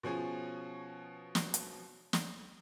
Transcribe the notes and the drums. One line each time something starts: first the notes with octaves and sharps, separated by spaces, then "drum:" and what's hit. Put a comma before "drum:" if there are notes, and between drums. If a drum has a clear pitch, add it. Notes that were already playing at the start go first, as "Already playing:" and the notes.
B2 F3 C#4 G#4
drum: snare
drum: hi-hat
drum: snare